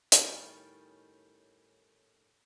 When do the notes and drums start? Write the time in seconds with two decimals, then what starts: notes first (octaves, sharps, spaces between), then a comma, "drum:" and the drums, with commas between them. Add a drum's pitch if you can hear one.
0.12 A2 D#3 G3 C#4 G5, drum: hi-hat